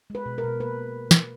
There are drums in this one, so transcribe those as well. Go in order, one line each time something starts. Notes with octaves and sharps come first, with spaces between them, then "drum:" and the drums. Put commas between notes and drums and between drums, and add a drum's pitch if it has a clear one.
G#3 B4
B2
A#4
B2
A#3 B4
drum: snare